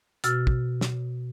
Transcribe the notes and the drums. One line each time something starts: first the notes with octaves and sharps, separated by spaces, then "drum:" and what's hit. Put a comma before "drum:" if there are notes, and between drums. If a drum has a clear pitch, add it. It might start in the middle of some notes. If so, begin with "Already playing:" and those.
B2 F#4 E6 F6 A6, drum: hi-hat
drum: kick
drum: snare